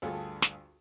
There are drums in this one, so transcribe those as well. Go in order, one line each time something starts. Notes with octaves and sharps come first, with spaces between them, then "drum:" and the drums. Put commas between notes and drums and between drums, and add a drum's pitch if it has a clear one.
D2 G2 F4 G#4 A4
drum: snare